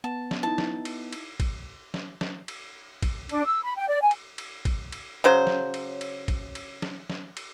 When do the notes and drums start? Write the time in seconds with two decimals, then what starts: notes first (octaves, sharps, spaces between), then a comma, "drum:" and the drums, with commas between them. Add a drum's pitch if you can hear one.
0.04 B3 A5
0.31 drum: snare
0.43 D#4 E4 A5
0.58 drum: snare
0.85 drum: cymbal
1.13 drum: cymbal
1.40 drum: kick, cymbal
1.94 drum: snare
2.21 drum: snare
2.48 drum: cymbal
3.02 drum: kick, cymbal
3.29 D4, drum: cymbal
3.46 E6
3.62 B5
3.77 G5
3.88 D5
4.02 G#5
4.11 drum: cymbal
4.38 drum: cymbal
4.65 drum: kick, cymbal
4.92 drum: cymbal
5.24 C#3 F#3 C5
5.47 drum: snare
5.74 drum: cymbal
6.01 drum: cymbal
6.28 drum: kick, cymbal
6.55 drum: cymbal
6.82 drum: snare
7.10 drum: snare
7.37 drum: cymbal